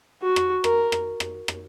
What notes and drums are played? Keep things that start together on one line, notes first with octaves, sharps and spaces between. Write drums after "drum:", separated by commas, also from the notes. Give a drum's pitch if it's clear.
F#4
drum: rim click
A#4, drum: rim click
drum: rim click
drum: rim click
drum: rim click